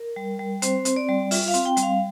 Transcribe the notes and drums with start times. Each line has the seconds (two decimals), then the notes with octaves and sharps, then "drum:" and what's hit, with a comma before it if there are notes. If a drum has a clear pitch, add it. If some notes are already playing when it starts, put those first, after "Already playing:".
Already playing: A#4
0.16 G3
0.39 G3
0.62 C4 C5, drum: hi-hat
0.85 C4, drum: hi-hat
0.96 D5
1.08 G3
1.31 F4 E5, drum: open hi-hat
1.48 F5
1.54 C4, drum: hi-hat
1.65 G5
1.77 G3, drum: hi-hat
1.83 F5